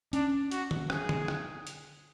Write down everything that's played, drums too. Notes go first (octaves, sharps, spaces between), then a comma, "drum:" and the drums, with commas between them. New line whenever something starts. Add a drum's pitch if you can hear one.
C#4 D4, drum: hi-hat
F#4, drum: hi-hat
drum: tom D3
G#4, drum: rim click
drum: tom D3
drum: rim click
drum: hi-hat